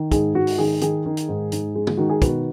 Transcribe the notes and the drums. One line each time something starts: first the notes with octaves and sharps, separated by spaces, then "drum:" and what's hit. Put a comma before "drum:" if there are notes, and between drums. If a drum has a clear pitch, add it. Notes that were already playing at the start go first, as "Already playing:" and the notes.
Already playing: D#3
G#2 G#4, drum: kick, hi-hat
G#2 F#4
drum: open hi-hat
D#3 G#4
D#3 G#4, drum: hi-hat
D#3
drum: hi-hat
G#2
G#2, drum: hi-hat
G#3
drum: tom D3
D#3 F#4
G#4
B2 F#4 B4, drum: kick, hi-hat